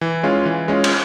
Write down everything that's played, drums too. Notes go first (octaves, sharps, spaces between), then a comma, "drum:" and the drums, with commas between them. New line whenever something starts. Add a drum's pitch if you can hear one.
E3
G#3 C#4 F4
E3
G#3 C#4 F4
drum: cymbal